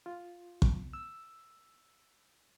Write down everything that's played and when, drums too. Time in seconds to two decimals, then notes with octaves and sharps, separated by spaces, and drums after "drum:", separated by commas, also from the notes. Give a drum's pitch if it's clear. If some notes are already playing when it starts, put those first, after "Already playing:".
0.06 F4
0.62 drum: kick
0.93 E6